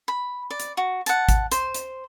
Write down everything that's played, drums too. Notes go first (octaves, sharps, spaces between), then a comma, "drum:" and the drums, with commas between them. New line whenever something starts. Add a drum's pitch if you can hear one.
B5
D5
drum: hi-hat
F#4
F#5 A5, drum: hi-hat
drum: kick G#1, hi-hat
C5, drum: hi-hat
drum: hi-hat